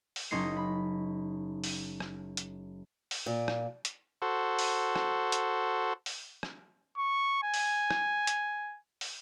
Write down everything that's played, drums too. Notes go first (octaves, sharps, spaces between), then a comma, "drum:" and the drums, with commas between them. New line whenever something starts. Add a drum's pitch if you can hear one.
drum: open hi-hat
F#1 C#4 D#4 C6 C7
B5
drum: open hi-hat
drum: rim click
drum: hi-hat
drum: open hi-hat
A#2
drum: rim click
drum: hi-hat
F#4 A4 C5
drum: open hi-hat
drum: rim click
drum: hi-hat
drum: open hi-hat
drum: rim click
C#6
G#5
drum: open hi-hat
drum: rim click
drum: hi-hat
drum: open hi-hat